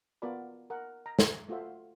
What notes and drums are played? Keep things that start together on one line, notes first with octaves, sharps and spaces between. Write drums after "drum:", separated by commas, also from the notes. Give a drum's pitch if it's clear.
B3 F4 F#4 A#4 D5 B5
A#4 F#5
A#5
E5, drum: snare
A3 F4 F#4 C5 E5